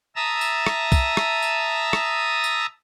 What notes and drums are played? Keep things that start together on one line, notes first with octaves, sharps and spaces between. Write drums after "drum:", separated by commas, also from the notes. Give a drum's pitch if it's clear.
E5 A5 A#5 D#6 E6
drum: tambourine
drum: rim click
drum: kick, tambourine
drum: rim click
drum: tambourine
drum: rim click
drum: tambourine